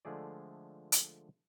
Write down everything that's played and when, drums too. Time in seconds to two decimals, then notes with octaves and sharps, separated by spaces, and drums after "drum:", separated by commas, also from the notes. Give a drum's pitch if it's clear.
0.05 D3 F3 G#3 A3 G#4 D5
0.92 drum: hi-hat